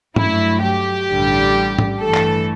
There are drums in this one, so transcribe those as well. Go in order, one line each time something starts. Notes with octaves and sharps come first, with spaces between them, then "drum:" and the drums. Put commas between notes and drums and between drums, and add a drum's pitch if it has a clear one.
G2 F#3 A3 E4, drum: tom G#2
G4
A1 G2 D3 G3
drum: tom G#2
G2 E3 A3 A4
drum: clap